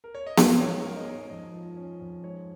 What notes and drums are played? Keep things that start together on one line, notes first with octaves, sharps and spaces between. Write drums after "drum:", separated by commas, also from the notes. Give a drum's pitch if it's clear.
A#4
C#5
D#5
G#2 F5, drum: snare B3
G#3 C#5
C#4 A#4
D#5
G#2 C#5
C#5
F2 D#5
F3
C#4
F2
G#2 C#5